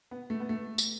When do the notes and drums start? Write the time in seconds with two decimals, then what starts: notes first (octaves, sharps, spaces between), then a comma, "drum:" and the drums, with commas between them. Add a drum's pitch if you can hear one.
0.11 B3
0.30 A3
0.40 B3
0.49 A3
0.78 drum: tambourine